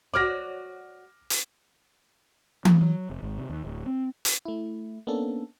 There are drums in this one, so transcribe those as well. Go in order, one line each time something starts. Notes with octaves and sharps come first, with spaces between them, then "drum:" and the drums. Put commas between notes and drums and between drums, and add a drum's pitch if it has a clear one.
F#4 C#5 D5 D6 F6 A#6
drum: hi-hat
A#3, drum: tom E3
F#3
F1
G#1
C3
D#2
D1
C4
drum: hi-hat
A3 E4
A#3 B3 C#4 D4 A4